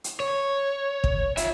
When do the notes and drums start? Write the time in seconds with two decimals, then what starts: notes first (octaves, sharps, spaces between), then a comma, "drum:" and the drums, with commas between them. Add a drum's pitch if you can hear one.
0.04 drum: hi-hat
0.20 C#5
1.04 drum: kick
1.37 F4 E5, drum: hi-hat